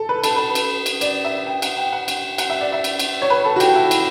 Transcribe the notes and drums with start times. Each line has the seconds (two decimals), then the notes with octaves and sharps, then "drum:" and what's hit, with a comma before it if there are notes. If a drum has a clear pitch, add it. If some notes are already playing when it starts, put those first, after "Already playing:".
Already playing: A4
0.09 B4
0.24 A4, drum: cymbal
0.36 B4
0.55 drum: cymbal
0.86 drum: cymbal
1.01 D5, drum: cymbal
1.25 E5
1.47 G5
1.62 F#5, drum: cymbal
1.77 G5
1.93 F#5
2.08 drum: cymbal
2.38 F#5, drum: cymbal
2.50 E5
2.61 D5
2.73 E5
2.84 drum: cymbal
2.99 drum: cymbal
3.22 C#5
3.30 B4
3.45 A4
3.56 F#4
3.60 G4, drum: cymbal
3.76 E4
3.91 drum: cymbal